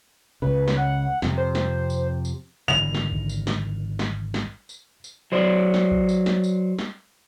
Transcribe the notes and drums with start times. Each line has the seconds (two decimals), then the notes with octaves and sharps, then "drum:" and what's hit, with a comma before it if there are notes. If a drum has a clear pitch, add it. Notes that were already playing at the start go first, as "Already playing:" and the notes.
0.42 C#2 C#3 B4
0.68 drum: snare
0.77 F#5
1.22 F2 C3, drum: snare
1.37 C5
1.55 drum: snare
1.90 drum: tambourine
2.25 drum: tambourine
2.68 G#1 D3 E3 F7
2.95 drum: snare
3.12 drum: kick A1
3.29 drum: tambourine
3.47 drum: snare
3.99 drum: snare
4.34 drum: snare
4.69 drum: tambourine
5.04 drum: tambourine
5.32 F#3 C5 D5
5.74 drum: snare
5.91 drum: kick A1
6.09 drum: tambourine
6.26 drum: snare
6.44 drum: tambourine
6.79 drum: snare